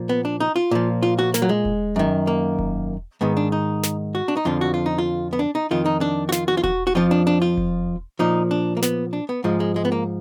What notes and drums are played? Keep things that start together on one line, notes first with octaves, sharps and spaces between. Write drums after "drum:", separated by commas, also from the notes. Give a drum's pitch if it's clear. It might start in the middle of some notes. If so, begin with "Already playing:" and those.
Already playing: A#2 F3
B3
D4
D#4
F4
A#2 F3
F4
F#4
A#3, drum: snare
F#3
G#3
drum: kick E1
F#2 D#3
A#3
drum: kick E1
G#2 D#3 B3
D4
D#4
drum: snare
F#4
D4
D#4
F2 D3 F3 F4
F#4
F4
D#4
F4
B3
D4
D#4
F2 D#3 F4
D#4
D4
F#4
F4, drum: snare
F#4
F4
F#4, drum: kick E1
F#4
F2 F3 F4
D4
D4
F4
drum: kick E1
A#2 F3 D#4
D4
A#3
B3, drum: snare
D4
B3
G#2 F3 G#3
G#3
G#3
B3
A#3